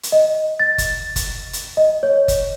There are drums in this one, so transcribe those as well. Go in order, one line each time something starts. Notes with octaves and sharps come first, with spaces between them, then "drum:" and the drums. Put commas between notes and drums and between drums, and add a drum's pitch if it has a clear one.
drum: hi-hat
D#5
A6
drum: kick G1, hi-hat
drum: kick G1, hi-hat
drum: hi-hat
D#5
C#5
drum: kick G1, hi-hat